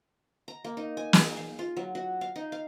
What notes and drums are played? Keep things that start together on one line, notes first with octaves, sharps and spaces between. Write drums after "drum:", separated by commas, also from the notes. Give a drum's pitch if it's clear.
A#5
A#3
D#4
G#5
G#4, drum: snare
F5
F4
F#3
F#4
F5
D#4
F5